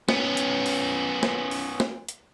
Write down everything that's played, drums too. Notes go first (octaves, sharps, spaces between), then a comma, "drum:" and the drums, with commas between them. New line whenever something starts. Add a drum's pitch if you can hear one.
B3 C#4, drum: snare
drum: hi-hat
drum: open hi-hat
drum: snare
drum: open hi-hat
drum: snare
drum: hi-hat